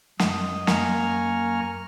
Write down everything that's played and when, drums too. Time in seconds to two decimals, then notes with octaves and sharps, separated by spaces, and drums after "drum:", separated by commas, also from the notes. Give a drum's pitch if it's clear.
0.19 F#2 D#5, drum: snare
0.67 F#2 A#3 G#5 A#5 C#6 F6, drum: snare